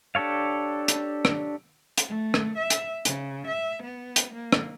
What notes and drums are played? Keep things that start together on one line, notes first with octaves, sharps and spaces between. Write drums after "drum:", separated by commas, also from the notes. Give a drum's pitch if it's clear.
D4 G4 A4 C#5 F5
drum: hi-hat
drum: rim click
drum: hi-hat
A3
drum: rim click
E5
drum: hi-hat
C#3, drum: hi-hat
E5
B3
drum: hi-hat
A#3
drum: rim click